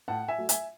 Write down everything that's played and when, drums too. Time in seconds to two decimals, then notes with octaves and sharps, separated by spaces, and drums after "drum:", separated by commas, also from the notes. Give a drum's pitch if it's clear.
0.08 A2 F#5 A5
0.28 E5 G#5
0.38 F#3 A3
0.49 E5 G#5, drum: hi-hat